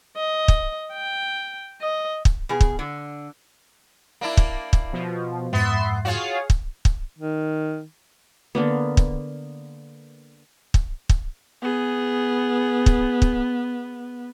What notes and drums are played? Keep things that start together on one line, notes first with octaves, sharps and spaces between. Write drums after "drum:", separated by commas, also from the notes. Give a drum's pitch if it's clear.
D#5
drum: kick
G5
D#5
drum: kick
B2 G#4
drum: kick
D3
A#3 D4 E4
drum: kick
drum: kick
B2 F3
F2 G#2 B3 E5 C6
F4 F#4 G#4 C#5 F5
drum: kick
drum: kick
D#3
D3 A#3 B3
drum: kick
drum: kick
drum: kick
B3 G#4
drum: kick
drum: kick